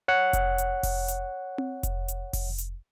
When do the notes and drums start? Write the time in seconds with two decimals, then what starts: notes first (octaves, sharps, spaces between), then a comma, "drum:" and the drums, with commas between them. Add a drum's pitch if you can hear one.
0.08 C#5 F#5 F#6
0.33 drum: kick F1, hi-hat
0.58 drum: hi-hat
0.83 drum: kick F1, open hi-hat
1.08 drum: hi-hat
1.58 drum: tom C4
1.83 drum: kick F1, hi-hat
2.08 drum: hi-hat
2.33 drum: kick F1, open hi-hat
2.58 drum: hi-hat